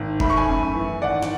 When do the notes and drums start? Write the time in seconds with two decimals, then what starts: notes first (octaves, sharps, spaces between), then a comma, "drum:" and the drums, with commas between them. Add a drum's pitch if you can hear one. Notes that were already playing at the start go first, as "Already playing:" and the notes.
Already playing: G#1
0.20 A3 B5, drum: kick F1
0.30 C#6
0.37 G#5 B5
0.48 F#2
0.75 E3
1.02 G#1 D5 F#5
1.22 drum: snare